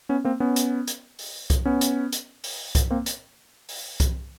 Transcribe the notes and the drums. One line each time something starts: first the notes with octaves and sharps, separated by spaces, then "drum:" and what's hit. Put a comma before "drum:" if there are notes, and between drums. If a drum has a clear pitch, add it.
B3 C#4
A#3 C4
B3 C#4
drum: hi-hat
drum: hi-hat
drum: open hi-hat
drum: kick C2, hi-hat
B3 C#4
drum: hi-hat
drum: hi-hat
drum: open hi-hat
drum: kick C2, hi-hat
A#3 C4
drum: hi-hat
drum: open hi-hat
drum: kick C2, hi-hat